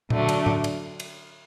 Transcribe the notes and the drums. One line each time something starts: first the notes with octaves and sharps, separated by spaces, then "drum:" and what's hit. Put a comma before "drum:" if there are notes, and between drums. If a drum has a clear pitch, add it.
D3 F#3 A3 D4, drum: tom A#2
drum: cymbal
drum: tom A2
drum: cymbal
drum: cymbal